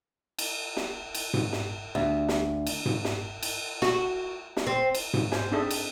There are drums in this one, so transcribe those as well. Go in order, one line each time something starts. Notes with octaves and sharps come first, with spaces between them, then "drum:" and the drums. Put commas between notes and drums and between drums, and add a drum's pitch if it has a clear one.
drum: cymbal
drum: snare
drum: cymbal
drum: tom G#2
drum: snare
D2
drum: snare
drum: cymbal
drum: tom G#2
drum: snare
drum: cymbal
F#4, drum: snare
drum: snare
C4
drum: cymbal
drum: tom G#2
F4 C5 G#5, drum: snare
C4 D4 D#4 G#4 A4 E5
drum: cymbal